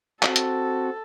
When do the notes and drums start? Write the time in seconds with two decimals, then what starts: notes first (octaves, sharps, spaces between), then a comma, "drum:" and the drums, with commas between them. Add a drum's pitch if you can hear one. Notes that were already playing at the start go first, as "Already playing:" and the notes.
0.22 C4 F#4 A4, drum: clap
0.36 drum: hi-hat